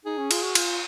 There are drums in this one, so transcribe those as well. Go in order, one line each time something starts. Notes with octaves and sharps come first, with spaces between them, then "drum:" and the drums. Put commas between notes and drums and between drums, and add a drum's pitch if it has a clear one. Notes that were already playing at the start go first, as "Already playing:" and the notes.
D#4 G#4
C#4
F4, drum: cymbal
F#4
F4, drum: cymbal